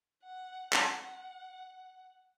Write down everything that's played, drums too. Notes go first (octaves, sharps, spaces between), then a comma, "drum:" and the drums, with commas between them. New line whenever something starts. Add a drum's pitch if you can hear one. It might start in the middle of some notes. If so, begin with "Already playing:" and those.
F#5
F#5, drum: clap